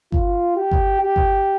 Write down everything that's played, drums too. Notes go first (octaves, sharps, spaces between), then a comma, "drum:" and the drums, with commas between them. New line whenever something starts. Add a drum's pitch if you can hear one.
F4, drum: kick G1
G4
drum: kick G1
G4
drum: kick G1